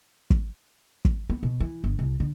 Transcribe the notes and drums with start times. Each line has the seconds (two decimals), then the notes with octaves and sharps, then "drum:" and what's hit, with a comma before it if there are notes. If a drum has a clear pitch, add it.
0.30 drum: kick
1.05 drum: kick
1.30 B3
1.43 B2
1.60 E3
1.84 G1
1.99 C2
2.20 D3